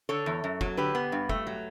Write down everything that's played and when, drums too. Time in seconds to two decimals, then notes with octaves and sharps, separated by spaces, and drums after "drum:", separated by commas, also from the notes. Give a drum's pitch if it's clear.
0.09 D3 A4 C#5
0.26 E2
0.44 F#2
0.61 F#3, drum: kick
0.77 D3 G4 B4
0.95 B3
1.12 G2
1.29 A3, drum: kick
1.47 F#3